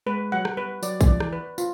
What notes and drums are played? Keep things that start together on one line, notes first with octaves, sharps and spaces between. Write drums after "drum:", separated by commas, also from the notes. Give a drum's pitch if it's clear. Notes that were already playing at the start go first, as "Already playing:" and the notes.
G#3 B4
F#3 F#5
G3, drum: rim click
B4
F#3 D5, drum: tambourine
F3, drum: kick A#1, tambourine
D5
E3, drum: rim click
B4
F4, drum: tambourine